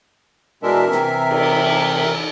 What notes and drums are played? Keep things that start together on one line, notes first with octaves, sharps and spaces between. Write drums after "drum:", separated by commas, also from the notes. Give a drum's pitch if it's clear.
B2 E3 G#3 D4 A#4 E5
C3, drum: snare
drum: cymbal